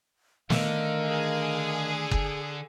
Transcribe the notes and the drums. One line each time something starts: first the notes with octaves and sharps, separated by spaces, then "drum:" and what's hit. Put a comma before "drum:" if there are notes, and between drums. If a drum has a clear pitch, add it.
D3 D#3 A3 A#4 D#5 F5, drum: snare
G#4
drum: kick F#1